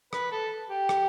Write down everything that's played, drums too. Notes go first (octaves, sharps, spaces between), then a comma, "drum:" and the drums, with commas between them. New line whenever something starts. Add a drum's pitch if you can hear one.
B4, drum: rim click
A4
G4
drum: rim click